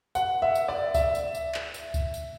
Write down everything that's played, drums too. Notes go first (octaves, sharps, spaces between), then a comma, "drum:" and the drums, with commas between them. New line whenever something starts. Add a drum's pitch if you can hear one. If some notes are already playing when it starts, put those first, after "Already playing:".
F#5, drum: tambourine
E5
drum: tambourine
D5
E5, drum: kick C#2, tambourine
drum: tambourine
drum: tambourine
drum: clap
drum: tambourine
drum: kick C#2, tambourine
drum: tambourine